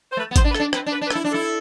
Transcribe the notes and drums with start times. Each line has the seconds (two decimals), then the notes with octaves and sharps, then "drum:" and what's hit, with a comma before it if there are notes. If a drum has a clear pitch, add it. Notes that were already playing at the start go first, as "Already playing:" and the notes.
0.10 C5
0.17 A3 B4
0.31 B3
0.36 C5, drum: kick G#1, hi-hat
0.44 D4
0.50 B4
0.55 A4, drum: rim click
0.59 D4
0.73 C4 B4, drum: rim click
0.86 D4
0.92 B4
1.01 D4
1.06 B4
1.11 A4, drum: rim click
1.15 E4
1.25 D4
1.30 E4 A4